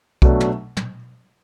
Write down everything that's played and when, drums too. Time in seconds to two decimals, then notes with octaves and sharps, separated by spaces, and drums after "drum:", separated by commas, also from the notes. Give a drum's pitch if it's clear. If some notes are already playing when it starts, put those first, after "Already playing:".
0.22 B2 F#3 A3 D4, drum: kick B1
0.40 drum: tom
0.77 drum: tom